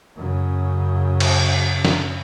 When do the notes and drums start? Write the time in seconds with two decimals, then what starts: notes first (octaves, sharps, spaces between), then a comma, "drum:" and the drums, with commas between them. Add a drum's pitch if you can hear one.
0.16 F#2 C#3
1.20 drum: cymbal
1.85 drum: snare